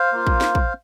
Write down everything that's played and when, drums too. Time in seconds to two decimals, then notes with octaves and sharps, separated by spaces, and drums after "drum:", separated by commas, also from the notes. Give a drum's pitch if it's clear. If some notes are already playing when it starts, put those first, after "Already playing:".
Already playing: C5 F5
0.12 A#3 F4
0.27 drum: kick
0.41 drum: snare
0.55 drum: kick